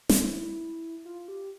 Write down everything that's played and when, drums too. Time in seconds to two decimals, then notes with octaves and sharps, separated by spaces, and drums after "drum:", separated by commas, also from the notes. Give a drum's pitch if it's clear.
0.09 E4, drum: snare
1.05 F4
1.28 G4